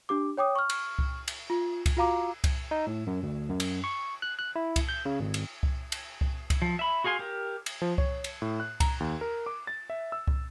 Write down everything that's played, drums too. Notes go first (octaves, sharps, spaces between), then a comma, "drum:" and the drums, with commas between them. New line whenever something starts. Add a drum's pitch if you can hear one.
D4 G4 D6
C#5 G5 D6 D#6
C#6 F6
drum: cymbal
drum: kick C2
drum: cymbal
F4
drum: kick C2, cymbal
F4 F#4 F5 A#5 D6
drum: kick C2, cymbal
D#4
A2
F#2
D2
F#2
drum: cymbal
C#6
F#6
F#6
E4
drum: kick C2, cymbal
G6
C#3
G#1
drum: cymbal
drum: kick C2
drum: cymbal
drum: kick C2
drum: kick C2, cymbal
F3
E5 B5
F#4 G#4 F5 G#5 C6
G4 A#4
drum: cymbal
F3
C#5, drum: kick C2
drum: cymbal
A2
F#6
A#5, drum: kick C2, cymbal
D#2
A#4
D6
A6
E5
E6
drum: kick C2